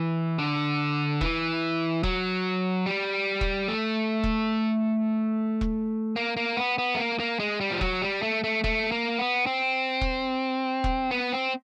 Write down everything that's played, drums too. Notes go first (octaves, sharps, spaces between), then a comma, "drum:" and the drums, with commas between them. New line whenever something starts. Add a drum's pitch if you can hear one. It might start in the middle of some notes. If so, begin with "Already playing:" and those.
Already playing: E3
D3
E3, drum: kick E1
F#3, drum: kick E1
G3
drum: kick E1
A3
drum: kick E1
drum: kick E1
A#3
A#3
B3
B3
A3
A#3
A#3
G#3
G3
F3
F#3, drum: kick E1
G3
A3
A3
A3, drum: kick E1
A#3
B3
C4
drum: kick E1
drum: kick E1
B3
C4